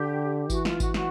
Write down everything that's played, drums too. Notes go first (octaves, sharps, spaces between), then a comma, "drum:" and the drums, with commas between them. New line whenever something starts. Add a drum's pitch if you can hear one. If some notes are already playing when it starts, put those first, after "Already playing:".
Already playing: D3 G4
E3 F#4, drum: kick G#1, tambourine
F4, drum: snare
F#4, drum: kick G#1, tambourine
F#4, drum: snare